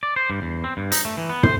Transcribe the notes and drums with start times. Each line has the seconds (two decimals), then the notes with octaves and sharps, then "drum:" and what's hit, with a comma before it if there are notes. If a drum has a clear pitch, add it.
0.03 D5
0.16 C5
0.30 G2
0.42 E2
0.64 C4
0.77 G2
0.92 D#4, drum: hi-hat
1.05 A3
1.17 E3
1.29 B3
1.43 C5, drum: tom